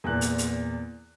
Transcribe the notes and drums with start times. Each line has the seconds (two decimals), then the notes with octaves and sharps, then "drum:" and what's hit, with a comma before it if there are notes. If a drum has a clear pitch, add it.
0.04 E2 A#2 F#6
0.21 drum: hi-hat
0.38 drum: hi-hat